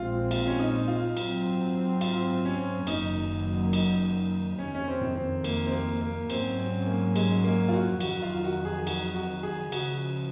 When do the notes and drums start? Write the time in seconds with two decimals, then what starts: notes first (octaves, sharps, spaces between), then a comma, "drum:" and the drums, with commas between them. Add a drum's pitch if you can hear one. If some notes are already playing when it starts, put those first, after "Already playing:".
Already playing: A#1 A#2 G#3 C4 F4
0.31 F4, drum: cymbal
0.47 C#4
0.59 D#4
0.88 F4
1.17 G#2 F#3 C4, drum: cymbal
2.01 F4, drum: cymbal
2.45 C#4
2.87 F#1 F#2 D#3 F#3 A#3 D#4, drum: cymbal
3.73 D#4, drum: cymbal
4.59 F2 C3 D#3 C#4
4.75 C#4
4.88 C4
5.01 drum: tom F#2
5.15 C4
5.44 A#3, drum: cymbal
5.66 C4
5.72 A#3
6.01 A#3
6.30 G#2 F#3 C4 C#4, drum: cymbal
6.59 C4
6.86 A#3
7.16 G#3, drum: cymbal
7.44 A#3
7.68 F4
7.73 F#4
8.00 F2 D#3 F#3 F#4, drum: cymbal
8.22 F4
8.44 F#4
8.65 G#4
8.87 F#4, drum: cymbal
9.15 F#4
9.43 G#4
9.72 C#2 C#3 F3 F#4, drum: cymbal